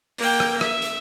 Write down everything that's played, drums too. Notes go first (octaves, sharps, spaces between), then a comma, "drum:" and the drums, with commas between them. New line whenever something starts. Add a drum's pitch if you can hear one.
A#3 G5, drum: open hi-hat
drum: rim click
E5, drum: rim click
drum: hi-hat